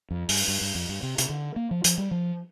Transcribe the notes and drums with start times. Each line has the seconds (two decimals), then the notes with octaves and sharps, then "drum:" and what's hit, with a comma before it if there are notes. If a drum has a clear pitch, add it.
0.11 F2
0.29 G2, drum: open hi-hat
0.48 G2
0.61 G2
0.75 F2
0.89 G2
1.03 C3
1.18 C3, drum: hi-hat
1.29 D3
1.56 A#3
1.71 F3
1.84 F3, drum: hi-hat
1.98 G3
2.11 F3